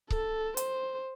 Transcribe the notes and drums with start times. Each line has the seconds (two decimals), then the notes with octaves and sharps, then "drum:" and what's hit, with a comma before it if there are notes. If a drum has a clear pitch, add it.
0.10 A4, drum: kick C#1
0.57 C5, drum: hi-hat